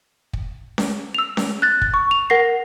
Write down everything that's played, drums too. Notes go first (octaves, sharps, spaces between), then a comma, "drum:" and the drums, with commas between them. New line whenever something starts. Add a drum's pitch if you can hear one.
drum: kick
drum: snare C#4
E6 F7
drum: snare C#4
F#6 A6
drum: kick
C#6
F7
A#4 F#5 A#6 C7